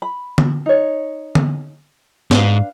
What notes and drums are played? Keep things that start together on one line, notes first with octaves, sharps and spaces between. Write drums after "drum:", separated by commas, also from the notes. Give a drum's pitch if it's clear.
B5
drum: tom D3
D#4 C#5
drum: tom D3
G#2 D4 B4 F5, drum: snare